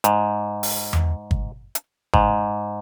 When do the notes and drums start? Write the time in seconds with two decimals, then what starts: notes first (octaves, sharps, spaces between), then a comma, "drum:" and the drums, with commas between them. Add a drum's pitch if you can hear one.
0.04 G#2, drum: hi-hat
0.63 drum: open hi-hat
0.93 drum: tom E2
1.31 drum: kick G1
1.75 drum: hi-hat
2.14 G#2, drum: kick G1